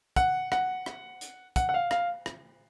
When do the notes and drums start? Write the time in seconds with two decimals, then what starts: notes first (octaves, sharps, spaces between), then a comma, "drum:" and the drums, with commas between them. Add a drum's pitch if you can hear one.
0.16 F#5, drum: kick, hi-hat
0.52 F#5, drum: rim click
0.86 drum: rim click
1.21 drum: hi-hat
1.56 F#5, drum: kick, hi-hat
1.69 F#5
1.74 F5
1.91 F5, drum: rim click
2.26 drum: rim click